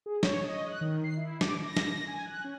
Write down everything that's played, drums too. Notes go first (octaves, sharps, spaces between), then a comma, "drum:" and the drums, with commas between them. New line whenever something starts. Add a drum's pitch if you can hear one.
G#4
C#5, drum: snare
D#5
F#6
D#3
C7
E4
D6, drum: snare
A#6
drum: snare
G#5
F#6
C#4